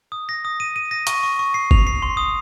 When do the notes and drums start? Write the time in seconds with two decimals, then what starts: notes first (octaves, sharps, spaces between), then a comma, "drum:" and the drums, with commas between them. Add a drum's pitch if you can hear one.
0.12 D#6
0.29 A#6
0.45 D#6
0.60 D#7
0.76 D#7
0.91 A#6
1.07 C#6, drum: hi-hat
1.23 C#6
1.39 C#6
1.54 C7
1.71 F7, drum: kick G1
1.87 C7
2.02 C6
2.17 D#6